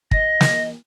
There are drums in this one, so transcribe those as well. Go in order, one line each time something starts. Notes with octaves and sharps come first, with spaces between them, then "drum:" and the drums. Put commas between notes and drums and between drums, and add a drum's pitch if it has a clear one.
D#5 A#6, drum: kick
drum: snare